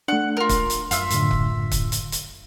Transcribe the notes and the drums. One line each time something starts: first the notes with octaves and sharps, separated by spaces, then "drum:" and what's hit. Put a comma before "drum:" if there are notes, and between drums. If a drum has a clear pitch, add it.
A3 D4 F#5 F#6
F4 A#4
drum: kick, hi-hat
drum: hi-hat
F#2 F4 E5, drum: hi-hat
F#2 A2 D3, drum: hi-hat
drum: kick
drum: kick, hi-hat
drum: hi-hat
drum: hi-hat